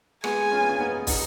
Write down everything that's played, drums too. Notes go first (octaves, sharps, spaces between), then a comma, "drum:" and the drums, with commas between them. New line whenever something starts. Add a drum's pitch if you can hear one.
G#3 B3 G#5, drum: rim click
C#4 F4
B3
C#4
B3 D#4
B3 D#4, drum: kick, open hi-hat